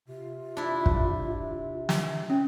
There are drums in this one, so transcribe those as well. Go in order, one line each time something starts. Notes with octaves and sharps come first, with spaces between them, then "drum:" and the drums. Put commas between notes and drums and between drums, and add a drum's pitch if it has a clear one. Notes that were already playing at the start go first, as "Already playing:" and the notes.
C3 F4
D4 E4
drum: kick
drum: snare
C#4 G5